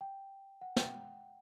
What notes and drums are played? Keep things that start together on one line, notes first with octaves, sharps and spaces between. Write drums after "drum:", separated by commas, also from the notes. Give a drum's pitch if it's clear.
G5
F#5
G5, drum: snare